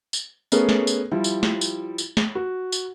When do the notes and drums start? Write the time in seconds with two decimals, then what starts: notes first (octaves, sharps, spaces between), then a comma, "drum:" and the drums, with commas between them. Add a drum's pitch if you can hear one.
0.13 drum: tambourine
0.52 A3 B3 C#4 G#4 A#4, drum: tambourine
0.69 drum: snare
0.87 drum: tambourine
1.11 F3 G3 E4
1.24 drum: tambourine
1.43 drum: snare
1.61 drum: tambourine
1.98 drum: tambourine
2.17 drum: snare
2.35 F#4
2.72 drum: tambourine